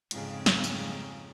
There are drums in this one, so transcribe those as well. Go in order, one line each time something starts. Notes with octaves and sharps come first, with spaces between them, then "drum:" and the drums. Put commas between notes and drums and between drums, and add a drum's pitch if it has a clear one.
F2 G#2 C#3, drum: hi-hat
drum: snare
drum: tambourine